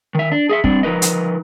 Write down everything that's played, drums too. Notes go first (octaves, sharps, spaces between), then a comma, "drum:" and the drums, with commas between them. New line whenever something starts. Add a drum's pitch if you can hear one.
D#3 E5
D4
G#4 D#5 E5
G3 C4 D4, drum: kick
F3 D#4 A#4 B4 D#5
drum: hi-hat